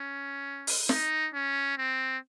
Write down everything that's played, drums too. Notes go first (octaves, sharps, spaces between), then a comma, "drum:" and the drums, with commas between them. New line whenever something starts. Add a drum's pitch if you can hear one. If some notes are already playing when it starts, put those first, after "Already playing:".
Already playing: C#4
drum: open hi-hat
D#4, drum: snare
C#4
C4